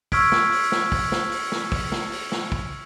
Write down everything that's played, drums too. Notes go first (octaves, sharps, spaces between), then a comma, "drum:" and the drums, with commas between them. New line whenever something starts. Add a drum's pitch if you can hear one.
C#6 E6 F6 G#6 B6 D7, drum: kick, open hi-hat
drum: snare
drum: open hi-hat
drum: snare
drum: kick, open hi-hat
drum: snare
drum: open hi-hat
drum: snare
drum: kick, open hi-hat
drum: snare
drum: open hi-hat
drum: snare
drum: kick